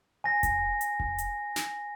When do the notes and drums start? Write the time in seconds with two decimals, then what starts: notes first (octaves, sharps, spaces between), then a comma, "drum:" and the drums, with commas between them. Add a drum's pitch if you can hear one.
0.24 G#5 A#6
0.43 drum: kick F1, hi-hat
0.81 drum: hi-hat
1.00 drum: kick F1
1.18 drum: hi-hat
1.56 drum: snare